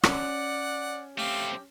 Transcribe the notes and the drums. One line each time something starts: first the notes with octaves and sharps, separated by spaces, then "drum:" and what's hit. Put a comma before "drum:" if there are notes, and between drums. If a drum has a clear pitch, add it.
C#4 D5 F#5, drum: rim click
A3 C4 G4 F5